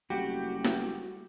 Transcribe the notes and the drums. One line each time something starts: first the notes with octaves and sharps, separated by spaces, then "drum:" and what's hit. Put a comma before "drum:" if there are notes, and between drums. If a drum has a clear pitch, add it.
F#1 G3 A3 C4 F#4 G4
drum: snare E4